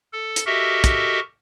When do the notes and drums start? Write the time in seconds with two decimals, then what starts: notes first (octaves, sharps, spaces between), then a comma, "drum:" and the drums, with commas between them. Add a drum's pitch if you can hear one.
0.13 A4
0.36 drum: hi-hat
0.46 F#4 G4 A4 A#4 D#5 E5
0.84 drum: kick, hi-hat